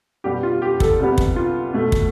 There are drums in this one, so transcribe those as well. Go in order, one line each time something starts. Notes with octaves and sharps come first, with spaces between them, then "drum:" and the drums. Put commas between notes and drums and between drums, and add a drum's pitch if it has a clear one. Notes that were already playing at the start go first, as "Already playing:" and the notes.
B2 G3 B3 G4
F4
G4
A4, drum: kick
C2 C3 G3 B3
drum: kick
F4
B2 A3
drum: kick